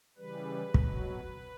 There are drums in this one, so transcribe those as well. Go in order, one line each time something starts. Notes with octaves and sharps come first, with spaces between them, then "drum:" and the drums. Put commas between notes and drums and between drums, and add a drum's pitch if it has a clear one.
C#3 E3 G3 B4
B2 F#3, drum: kick